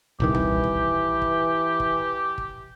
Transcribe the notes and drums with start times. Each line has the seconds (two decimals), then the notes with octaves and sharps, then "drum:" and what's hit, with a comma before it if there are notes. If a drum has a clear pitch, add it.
0.20 D#1 C2 D#3 E3 G4
0.35 drum: tom B1
0.64 drum: kick
1.22 drum: kick
1.80 drum: kick
2.38 drum: kick